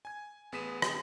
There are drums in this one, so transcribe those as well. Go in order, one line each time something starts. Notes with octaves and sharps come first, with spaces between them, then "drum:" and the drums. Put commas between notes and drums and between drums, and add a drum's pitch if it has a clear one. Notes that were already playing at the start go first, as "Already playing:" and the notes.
G#5 G#6
A1 B3 G#4 B6 D#7 E7
drum: rim click